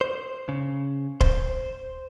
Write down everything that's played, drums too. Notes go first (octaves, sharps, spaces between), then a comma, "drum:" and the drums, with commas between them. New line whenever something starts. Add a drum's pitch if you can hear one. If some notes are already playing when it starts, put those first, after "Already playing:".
C5
C#3
C5, drum: kick